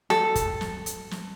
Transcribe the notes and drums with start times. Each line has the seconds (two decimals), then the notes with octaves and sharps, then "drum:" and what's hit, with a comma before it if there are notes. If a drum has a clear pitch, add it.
0.10 A4, drum: snare
0.35 drum: kick, hi-hat
0.61 drum: snare
0.86 drum: hi-hat
1.11 drum: snare